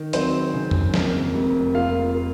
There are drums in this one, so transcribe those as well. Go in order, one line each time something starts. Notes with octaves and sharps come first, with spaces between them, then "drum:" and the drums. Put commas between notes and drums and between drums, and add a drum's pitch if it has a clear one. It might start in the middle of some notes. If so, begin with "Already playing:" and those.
Already playing: D#3
F#3 C4 C5, drum: hi-hat
C#3
drum: tom F2
F2 A#3 A#4, drum: snare
F1
A#3 F4 F5
A#3